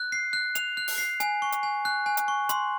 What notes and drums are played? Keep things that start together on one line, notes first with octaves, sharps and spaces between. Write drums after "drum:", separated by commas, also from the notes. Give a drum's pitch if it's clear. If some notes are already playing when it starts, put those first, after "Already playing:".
Already playing: F#6
C7
F#6
F7, drum: hi-hat
F#6
drum: open hi-hat
C7
G#5, drum: hi-hat
C#6
drum: hi-hat
G#5
F#6
G#5
drum: hi-hat
C#6
C6, drum: hi-hat